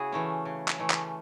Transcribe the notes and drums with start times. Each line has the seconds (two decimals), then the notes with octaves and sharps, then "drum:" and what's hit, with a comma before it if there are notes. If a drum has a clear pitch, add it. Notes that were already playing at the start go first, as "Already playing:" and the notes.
Already playing: C#3 E4 F#4 G#4
0.12 E3 A3 C#4
0.45 C#3
0.68 drum: clap
0.79 E3 A3 C#4
0.90 drum: clap